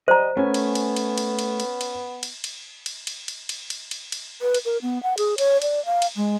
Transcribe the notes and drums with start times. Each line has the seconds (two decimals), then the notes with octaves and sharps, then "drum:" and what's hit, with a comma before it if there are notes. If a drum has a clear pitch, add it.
0.08 G3 C5 D#5 A#5
0.37 A3 B3 C#4 G#5
0.54 drum: cymbal
0.75 drum: cymbal
0.96 drum: cymbal
1.18 drum: cymbal
1.39 drum: cymbal
1.60 drum: cymbal
1.81 drum: cymbal
2.23 drum: cymbal
2.44 drum: cymbal
2.86 drum: cymbal
3.07 drum: cymbal
3.28 drum: cymbal
3.49 drum: cymbal
3.70 drum: cymbal
3.91 drum: cymbal
4.12 drum: cymbal
4.42 B4
4.54 drum: cymbal
4.65 A#4
4.82 B3
5.03 F#5
5.18 G#4, drum: cymbal
5.38 C#5, drum: cymbal
5.62 D5, drum: cymbal
5.85 F5
6.02 drum: cymbal
6.16 G#3